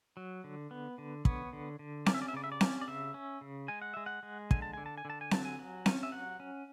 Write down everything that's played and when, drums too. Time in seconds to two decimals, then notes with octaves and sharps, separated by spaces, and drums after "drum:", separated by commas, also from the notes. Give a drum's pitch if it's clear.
0.17 F#3
0.44 D3
0.71 B3
0.98 D3
1.25 B3 C#5, drum: kick
1.53 D3
1.79 D3
2.06 C#4 D5, drum: snare C4
2.14 E5
2.22 D5
2.28 E5
2.33 C#3 D5
2.44 E5
2.52 D5
2.61 C#4, drum: snare C4
2.81 D5
2.88 C#3 E5
3.14 C#4
3.41 C#3
3.68 G#3 G#5
3.82 F#5
3.94 G#3 E5
4.06 F#5
4.23 G#3
4.51 D3 G#5, drum: kick
4.62 A5
4.73 D3 G#5
4.86 A5
4.98 G#5
5.05 D3 A5
5.21 G#5
5.31 F#3 A5, drum: snare C4
5.45 G#5
5.59 F#3
5.86 C#4, drum: snare C4
6.03 E5
6.12 F#3 F#5
6.40 C#4